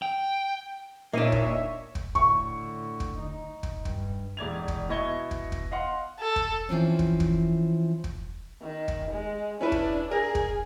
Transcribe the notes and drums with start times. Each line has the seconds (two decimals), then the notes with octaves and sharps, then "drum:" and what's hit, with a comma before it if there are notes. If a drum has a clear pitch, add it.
0.02 G5
1.13 A#2 A#3 D4 D#4 C#5 E5 D#7
1.32 drum: kick
1.95 drum: kick
2.15 A2 D3 C#6, drum: kick
3.00 drum: kick
3.19 D#4
3.63 drum: kick
3.85 G2, drum: kick
4.37 E1 D5 G#6 F7
4.68 drum: kick
4.89 B2 E4 D#5 C#6 G#6 G7
5.31 drum: kick
5.52 drum: kick
5.71 D#5 F5 F#5 C6
6.20 A4
6.36 drum: kick
6.69 E3 F3 C4 C#4
6.99 drum: kick
7.20 drum: kick
8.04 drum: kick
8.62 D#3
8.88 drum: kick
9.11 G#3
9.61 C#4 D4 E4 B4
9.72 drum: kick
10.11 G#4 A#4
10.35 drum: kick